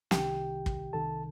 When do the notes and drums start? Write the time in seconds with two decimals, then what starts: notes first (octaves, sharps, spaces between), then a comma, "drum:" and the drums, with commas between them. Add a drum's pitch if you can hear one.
0.11 C2 C3 D#3 G4 G5, drum: snare
0.66 drum: kick
0.93 C2 C3 D#3 A4 A5